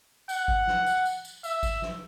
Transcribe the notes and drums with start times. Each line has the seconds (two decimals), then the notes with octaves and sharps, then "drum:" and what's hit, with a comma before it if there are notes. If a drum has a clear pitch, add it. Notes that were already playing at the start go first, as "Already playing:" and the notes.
0.29 F#5, drum: tambourine
0.48 drum: kick G#1
0.67 drum: snare
0.86 drum: tambourine
1.05 drum: tambourine
1.25 drum: tambourine
1.44 E5, drum: tambourine
1.63 drum: kick G#1, tambourine
1.82 drum: snare